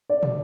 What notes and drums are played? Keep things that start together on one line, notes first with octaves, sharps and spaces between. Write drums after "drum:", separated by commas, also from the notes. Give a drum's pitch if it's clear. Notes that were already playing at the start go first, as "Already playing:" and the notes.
D5
drum: tom